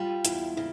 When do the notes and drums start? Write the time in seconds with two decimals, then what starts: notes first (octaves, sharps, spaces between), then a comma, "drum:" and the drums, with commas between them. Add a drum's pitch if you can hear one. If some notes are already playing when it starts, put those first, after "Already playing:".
Already playing: G3 F4
0.25 E2 E4, drum: hi-hat
0.57 C#3 E4